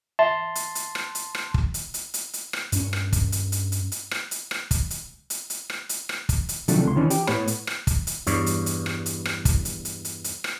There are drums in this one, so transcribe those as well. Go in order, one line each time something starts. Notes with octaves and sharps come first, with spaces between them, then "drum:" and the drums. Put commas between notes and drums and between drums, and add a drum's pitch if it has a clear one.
E5 A5 C6
drum: hi-hat
drum: hi-hat
drum: rim click
drum: hi-hat
drum: rim click
drum: kick
drum: hi-hat
drum: hi-hat
drum: hi-hat
drum: hi-hat
drum: rim click
G2 C#4, drum: hi-hat
drum: rim click
drum: kick, hi-hat
drum: hi-hat
drum: hi-hat
drum: hi-hat
drum: hi-hat
drum: rim click
drum: hi-hat
drum: rim click
drum: kick, hi-hat
drum: hi-hat
drum: hi-hat
drum: hi-hat
drum: rim click
drum: hi-hat
drum: rim click
drum: kick, hi-hat
drum: hi-hat
C3 D#3 F3 F#3 A3 D4, drum: hi-hat
C#2 C6
D#3 E3 C#4 D4
G4, drum: hi-hat
A2 B3 C#5 B5, drum: rim click
drum: hi-hat
drum: rim click
drum: kick, hi-hat
drum: hi-hat
E2 G2 C#5, drum: hi-hat
drum: hi-hat
drum: hi-hat
drum: rim click
drum: hi-hat
drum: rim click
drum: kick, hi-hat
drum: hi-hat
drum: hi-hat
drum: hi-hat
drum: hi-hat
drum: rim click